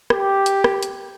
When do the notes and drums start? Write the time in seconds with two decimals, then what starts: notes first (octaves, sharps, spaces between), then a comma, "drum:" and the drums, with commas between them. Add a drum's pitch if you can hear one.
0.10 G4, drum: rim click
0.46 drum: hi-hat
0.64 drum: rim click
0.83 drum: hi-hat